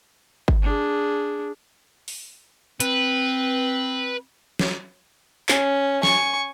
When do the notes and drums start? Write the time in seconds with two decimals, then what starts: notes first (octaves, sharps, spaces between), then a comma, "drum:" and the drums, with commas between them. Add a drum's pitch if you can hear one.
0.48 drum: kick G1
0.62 D4 G#4
2.08 drum: open hi-hat
2.80 C4 B4, drum: hi-hat
4.59 drum: snare
5.49 C#4, drum: clap
6.03 G#5 C#6, drum: snare